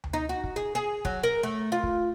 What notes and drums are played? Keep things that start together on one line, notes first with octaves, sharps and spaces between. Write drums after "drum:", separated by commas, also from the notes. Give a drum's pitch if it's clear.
drum: tom D2
D#4
F#4
drum: kick
G#4
G#4
F#3, drum: kick
A#4
A3
F4
drum: kick